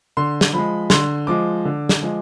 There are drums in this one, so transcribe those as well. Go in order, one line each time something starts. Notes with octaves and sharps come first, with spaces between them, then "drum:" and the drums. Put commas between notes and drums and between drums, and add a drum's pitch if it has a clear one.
D3 C6
drum: snare
F3 G#3 B5
D3 C6, drum: snare
F3 G#3 D6
D3
drum: snare
F3 G#3